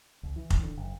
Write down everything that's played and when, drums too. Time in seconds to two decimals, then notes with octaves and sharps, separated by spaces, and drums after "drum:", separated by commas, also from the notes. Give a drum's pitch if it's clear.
0.23 C#2
0.36 E3
0.50 drum: kick F1
0.63 D3
0.77 F#1